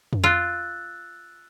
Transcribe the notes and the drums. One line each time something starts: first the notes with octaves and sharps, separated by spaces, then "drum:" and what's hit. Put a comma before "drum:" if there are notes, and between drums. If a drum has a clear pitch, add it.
drum: tom F2
F4 E6 F#6 A6